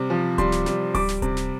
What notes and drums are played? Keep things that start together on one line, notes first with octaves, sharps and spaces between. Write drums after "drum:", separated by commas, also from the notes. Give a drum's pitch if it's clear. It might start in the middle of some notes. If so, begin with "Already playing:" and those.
Already playing: C3 G3
F3
G3 C6, drum: kick D1, hi-hat
drum: snare
G3, drum: snare
G3 D6, drum: kick D1, open hi-hat
drum: snare
C3, drum: kick D1, hi-hat
drum: snare